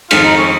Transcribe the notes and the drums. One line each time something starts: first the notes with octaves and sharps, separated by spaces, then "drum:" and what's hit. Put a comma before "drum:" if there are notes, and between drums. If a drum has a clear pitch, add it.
F2 D#3 G#3 F4, drum: cymbal
D#4
C#4